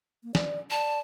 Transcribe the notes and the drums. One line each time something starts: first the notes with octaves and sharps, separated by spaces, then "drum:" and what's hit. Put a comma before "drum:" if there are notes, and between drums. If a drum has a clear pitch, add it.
A#3
D5, drum: snare
D5 A5